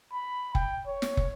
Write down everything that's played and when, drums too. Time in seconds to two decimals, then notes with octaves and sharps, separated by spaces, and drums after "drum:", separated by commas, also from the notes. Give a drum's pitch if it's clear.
0.13 B5
0.55 G5, drum: kick
0.87 C#5
1.02 drum: snare
1.17 drum: kick